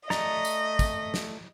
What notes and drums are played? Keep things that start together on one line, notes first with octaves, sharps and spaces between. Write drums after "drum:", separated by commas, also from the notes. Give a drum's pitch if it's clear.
A3 D5 D#5 A#5, drum: snare
drum: tambourine
drum: kick, tambourine
drum: snare